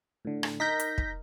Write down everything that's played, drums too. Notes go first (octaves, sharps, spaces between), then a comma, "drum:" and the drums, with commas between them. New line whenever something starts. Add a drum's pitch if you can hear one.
A2 D3
drum: rim click
D#4 A#4 G6 A#6 B6
drum: hi-hat
drum: kick